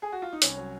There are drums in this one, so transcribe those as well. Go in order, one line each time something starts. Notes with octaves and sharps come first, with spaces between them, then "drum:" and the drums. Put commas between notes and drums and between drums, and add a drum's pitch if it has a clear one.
G#4
F#4
F4
D#4
C2 C#4, drum: hi-hat
F#3